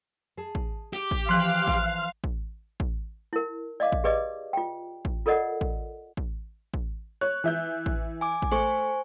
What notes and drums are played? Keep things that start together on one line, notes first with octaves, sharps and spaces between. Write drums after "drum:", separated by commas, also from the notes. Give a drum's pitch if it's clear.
G#4 A5
drum: kick A1
G4
drum: kick A1
E3 F3 F5 C6 F#6
drum: kick A1
drum: kick A1
drum: kick A1
E4 A#4
D5 D#5 F5 D6
drum: kick A1
G4 G#4 B4 D5 D#5 D6
F4 G5
drum: kick A1
F4 A4 A#4 D5 D#5 F#5
drum: kick A1
drum: kick A1
drum: kick A1
C#5 F#6
E3 E5 G6
drum: kick A1
G#5 D6
drum: kick A1
A3 C5 G#5 C#6